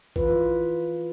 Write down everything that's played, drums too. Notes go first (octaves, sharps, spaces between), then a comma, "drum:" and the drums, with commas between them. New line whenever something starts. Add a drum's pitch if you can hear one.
E3 F4 B4, drum: kick A1